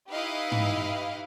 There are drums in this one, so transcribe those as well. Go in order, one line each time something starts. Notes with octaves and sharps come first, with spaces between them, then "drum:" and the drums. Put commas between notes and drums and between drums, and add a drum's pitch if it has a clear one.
D#4 E4 G4 B4 D#5 F5
drum: tom